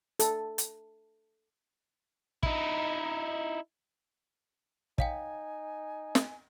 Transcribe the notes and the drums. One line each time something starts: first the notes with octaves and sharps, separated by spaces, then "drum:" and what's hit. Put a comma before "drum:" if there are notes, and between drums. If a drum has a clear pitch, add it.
A4, drum: hi-hat
drum: hi-hat
D#4 E4, drum: kick
D#4 C#5 F5 G5 G#5, drum: kick
drum: snare